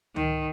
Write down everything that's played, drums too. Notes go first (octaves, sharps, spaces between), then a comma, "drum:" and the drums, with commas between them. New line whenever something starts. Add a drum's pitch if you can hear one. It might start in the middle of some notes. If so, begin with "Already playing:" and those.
D#3, drum: tom C#2